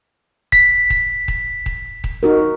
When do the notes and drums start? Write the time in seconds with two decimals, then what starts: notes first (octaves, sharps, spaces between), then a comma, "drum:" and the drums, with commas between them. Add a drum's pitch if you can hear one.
0.52 B6, drum: kick D#1
0.90 drum: kick D#1
1.28 drum: kick D#1
1.66 drum: kick D#1
2.04 drum: kick D#1
2.23 D#4 F#4 A#4